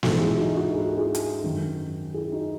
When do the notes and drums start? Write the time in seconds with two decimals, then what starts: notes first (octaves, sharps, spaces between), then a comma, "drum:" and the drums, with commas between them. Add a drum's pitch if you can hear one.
0.03 G#2 E3 F#4 A4, drum: snare
0.21 E4 G#4
0.38 D#4 F#4
0.56 D#4 F#4
0.73 G#4
0.85 A4
0.97 E4 G#4
1.15 drum: hi-hat
1.44 F#2 D#3
2.14 E4 G#4
2.32 D#4 F#4